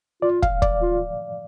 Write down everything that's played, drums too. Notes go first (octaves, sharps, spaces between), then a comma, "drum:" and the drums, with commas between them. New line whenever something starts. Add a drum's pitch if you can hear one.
F4 D5
F5, drum: kick
D5, drum: kick
F4